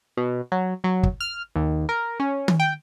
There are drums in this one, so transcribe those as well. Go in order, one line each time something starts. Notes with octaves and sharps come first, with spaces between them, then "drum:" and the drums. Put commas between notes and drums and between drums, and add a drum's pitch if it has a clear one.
B2
F#3
F#3
drum: kick
F6
D#2
A#4
C#4
drum: tom D#3
G5